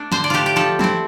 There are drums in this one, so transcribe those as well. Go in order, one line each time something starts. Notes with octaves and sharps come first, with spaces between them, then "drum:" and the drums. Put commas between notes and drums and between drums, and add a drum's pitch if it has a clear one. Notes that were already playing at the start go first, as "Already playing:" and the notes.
Already playing: A3 D4
D3 C5, drum: snare
D5
A3 D4 F4 G4
G4
F3 A4
A3 C4 E4, drum: tom E3